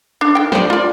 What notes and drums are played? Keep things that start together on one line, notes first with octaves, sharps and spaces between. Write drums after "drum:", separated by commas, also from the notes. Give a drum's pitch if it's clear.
D4
D#3 G5
C5 D5, drum: snare
F4 D5